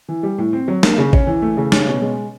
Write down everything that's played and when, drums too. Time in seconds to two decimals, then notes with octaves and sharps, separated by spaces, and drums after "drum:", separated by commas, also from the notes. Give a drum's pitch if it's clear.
0.08 E3
0.23 G3
0.38 A2
0.53 C4
0.68 F#3
0.83 A#3, drum: snare
0.98 C#3
1.13 C#4, drum: kick A1
1.27 E3
1.42 A3
1.57 C#3
1.72 C#4, drum: snare
1.87 B2
2.02 G#3